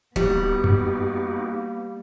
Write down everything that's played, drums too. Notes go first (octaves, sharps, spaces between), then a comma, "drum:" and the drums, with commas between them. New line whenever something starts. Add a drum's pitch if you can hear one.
G3 A#3 B3 D#4 F#4 G4, drum: kick D1
drum: tom F#2